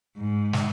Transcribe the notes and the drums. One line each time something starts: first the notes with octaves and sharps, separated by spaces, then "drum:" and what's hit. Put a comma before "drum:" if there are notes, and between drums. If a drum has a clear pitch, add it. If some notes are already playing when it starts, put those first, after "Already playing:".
G#2
drum: snare